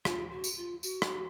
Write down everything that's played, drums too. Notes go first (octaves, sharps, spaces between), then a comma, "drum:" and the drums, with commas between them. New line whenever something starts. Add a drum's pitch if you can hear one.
F4, drum: rim click
F#4
drum: tambourine
F4
F#4, drum: tambourine
drum: rim click